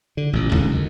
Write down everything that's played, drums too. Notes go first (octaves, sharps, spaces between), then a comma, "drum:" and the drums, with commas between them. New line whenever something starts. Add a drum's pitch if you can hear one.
D3
A1 A#2
D1 C#2 D3, drum: tom E2
D2 D#3